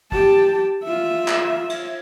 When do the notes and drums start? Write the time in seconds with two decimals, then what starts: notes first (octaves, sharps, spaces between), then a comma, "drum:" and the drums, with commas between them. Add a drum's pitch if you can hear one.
0.12 G4 A5, drum: kick
0.84 F4 E5
1.28 drum: clap
1.70 drum: cymbal